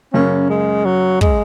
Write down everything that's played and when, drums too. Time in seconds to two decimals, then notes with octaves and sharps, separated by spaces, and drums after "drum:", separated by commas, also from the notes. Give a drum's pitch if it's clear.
0.13 F#2 C#3 A#3 C#4
0.50 G#3
0.85 F#3
1.21 G#3, drum: kick